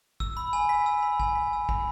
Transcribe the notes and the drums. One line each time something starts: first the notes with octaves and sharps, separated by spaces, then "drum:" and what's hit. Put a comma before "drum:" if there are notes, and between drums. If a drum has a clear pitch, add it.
E6, drum: kick
B5
G#5
B6
E6
B5
G#5, drum: kick
B6
E6
B5, drum: kick